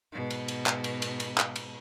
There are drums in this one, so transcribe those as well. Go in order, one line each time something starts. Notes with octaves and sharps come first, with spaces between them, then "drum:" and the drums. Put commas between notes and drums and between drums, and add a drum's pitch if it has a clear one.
G#2 B2
drum: cymbal
drum: cymbal
drum: clap
drum: cymbal
drum: cymbal
drum: cymbal
drum: clap
drum: cymbal